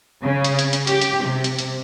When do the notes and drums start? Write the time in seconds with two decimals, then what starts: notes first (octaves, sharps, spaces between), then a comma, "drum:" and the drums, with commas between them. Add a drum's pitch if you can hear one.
0.24 C#3
0.44 drum: hi-hat
0.59 drum: hi-hat
0.73 drum: hi-hat
0.87 G4, drum: hi-hat
1.01 drum: hi-hat
1.24 C3
1.44 drum: hi-hat
1.59 drum: hi-hat